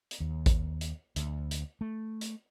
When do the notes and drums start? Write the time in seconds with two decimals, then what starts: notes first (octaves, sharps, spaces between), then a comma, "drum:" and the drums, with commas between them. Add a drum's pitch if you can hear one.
0.11 drum: hi-hat
0.20 D#2
0.46 drum: kick A1, hi-hat
0.81 drum: hi-hat
1.16 D2, drum: hi-hat
1.51 drum: hi-hat
1.81 A3
2.21 drum: hi-hat